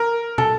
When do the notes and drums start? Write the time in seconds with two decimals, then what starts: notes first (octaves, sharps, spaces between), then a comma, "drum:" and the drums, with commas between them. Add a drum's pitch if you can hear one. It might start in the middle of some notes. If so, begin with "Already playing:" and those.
Already playing: A#4
0.38 A4, drum: tom